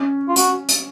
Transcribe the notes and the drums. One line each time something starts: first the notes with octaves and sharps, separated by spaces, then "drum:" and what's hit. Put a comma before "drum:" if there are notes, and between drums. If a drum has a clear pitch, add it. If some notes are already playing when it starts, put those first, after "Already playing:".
Already playing: C#4
F4
F#4, drum: hi-hat
drum: hi-hat